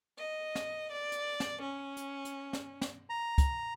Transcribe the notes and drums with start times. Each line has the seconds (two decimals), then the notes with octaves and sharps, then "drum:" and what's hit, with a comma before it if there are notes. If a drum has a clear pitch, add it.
0.18 D#5
0.55 drum: snare
0.91 D5
1.12 drum: hi-hat
1.40 drum: snare
1.62 C#4
1.97 drum: hi-hat
2.25 drum: hi-hat
2.53 drum: snare
2.81 drum: snare
3.10 A#5
3.38 drum: kick, hi-hat